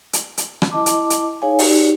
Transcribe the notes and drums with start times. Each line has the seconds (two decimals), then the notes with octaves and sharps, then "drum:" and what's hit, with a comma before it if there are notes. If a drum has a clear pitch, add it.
0.13 drum: hi-hat
0.38 drum: hi-hat
0.62 drum: rim click
0.71 E4 D#5 A5 D6
0.86 drum: hi-hat
1.10 drum: hi-hat
1.42 D#4 G#4 C#5 F5 G#5
1.59 D#4 F#4 G4 D5, drum: open hi-hat